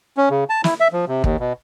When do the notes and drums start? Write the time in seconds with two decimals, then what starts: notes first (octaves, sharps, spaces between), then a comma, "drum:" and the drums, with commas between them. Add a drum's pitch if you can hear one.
0.17 C#4
0.30 C#3
0.50 A5
0.64 E4, drum: snare
0.80 E5
0.93 F3
1.08 C3
1.24 D#2, drum: kick
1.40 B2